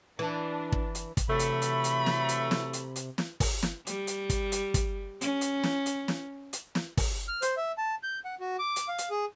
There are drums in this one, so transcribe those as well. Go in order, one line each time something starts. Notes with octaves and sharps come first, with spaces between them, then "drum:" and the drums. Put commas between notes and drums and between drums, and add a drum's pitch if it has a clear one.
E3 D4
drum: kick
drum: hi-hat
drum: kick, hi-hat
C3 E3 F#3 A3 B5
drum: hi-hat
drum: hi-hat
drum: hi-hat
drum: snare
drum: hi-hat
drum: snare
drum: hi-hat
drum: hi-hat
drum: snare
drum: kick, open hi-hat
drum: snare
G3, drum: hi-hat
drum: hi-hat
drum: kick, hi-hat
drum: hi-hat
drum: kick, hi-hat
C#4, drum: hi-hat
drum: hi-hat
drum: snare
drum: hi-hat
drum: snare
drum: hi-hat
drum: snare
drum: kick, open hi-hat
F6
C5, drum: hi-hat
E5
A5
G6
F#5
F#4
D6
drum: hi-hat
F5
drum: hi-hat
G#4